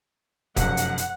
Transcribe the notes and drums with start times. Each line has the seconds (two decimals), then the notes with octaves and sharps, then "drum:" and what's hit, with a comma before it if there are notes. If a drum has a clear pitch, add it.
0.56 F1 F#2 F#5, drum: kick D#1, hi-hat
0.77 drum: hi-hat
0.98 drum: hi-hat